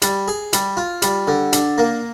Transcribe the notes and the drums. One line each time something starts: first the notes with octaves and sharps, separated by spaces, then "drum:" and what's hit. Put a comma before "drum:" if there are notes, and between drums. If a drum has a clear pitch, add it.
G3, drum: hi-hat
G#4
G3, drum: hi-hat
F4
G3, drum: hi-hat
D3
D4, drum: hi-hat
A#3